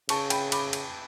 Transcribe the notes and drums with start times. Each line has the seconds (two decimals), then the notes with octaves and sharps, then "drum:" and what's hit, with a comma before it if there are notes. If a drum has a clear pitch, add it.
0.09 C#3 A5 C#6, drum: cymbal
0.30 G5 B5, drum: cymbal
0.52 B5 D6, drum: cymbal
0.73 drum: cymbal